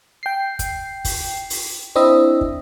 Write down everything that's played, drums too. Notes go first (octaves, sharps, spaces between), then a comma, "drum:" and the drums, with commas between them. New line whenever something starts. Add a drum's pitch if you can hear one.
G5 C7
drum: kick, hi-hat
drum: kick, open hi-hat
drum: open hi-hat
C4 D4 E4 D#5 E5
drum: kick